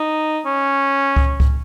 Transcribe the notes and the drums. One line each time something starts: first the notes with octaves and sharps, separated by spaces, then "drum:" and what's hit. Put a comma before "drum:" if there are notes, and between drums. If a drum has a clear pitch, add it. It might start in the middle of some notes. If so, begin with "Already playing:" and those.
Already playing: D#4
C#4
drum: kick C#2
drum: kick C#2